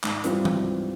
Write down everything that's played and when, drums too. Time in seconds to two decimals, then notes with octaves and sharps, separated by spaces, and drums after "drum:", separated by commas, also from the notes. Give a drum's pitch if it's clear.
0.04 G#2, drum: clap
0.24 E3 G3 C4 F4, drum: hi-hat
0.45 drum: tom E3